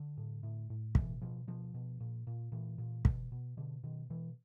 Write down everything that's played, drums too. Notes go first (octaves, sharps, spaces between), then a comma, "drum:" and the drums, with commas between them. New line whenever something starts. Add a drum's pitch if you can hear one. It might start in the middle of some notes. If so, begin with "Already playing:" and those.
Already playing: D3
A2
A2
A2
B2 E3, drum: kick
B2 F3
B2 F3
B2
A#2
A#2
A#2 E3
A#2
B2, drum: kick
B2
B2 D3
B2 D#3
B2 E3